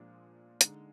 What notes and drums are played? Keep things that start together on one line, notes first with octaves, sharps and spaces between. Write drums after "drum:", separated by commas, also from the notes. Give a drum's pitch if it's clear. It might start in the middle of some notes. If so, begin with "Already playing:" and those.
Already playing: A#2 F3 G#3 D4
D3 G#3 D#4, drum: hi-hat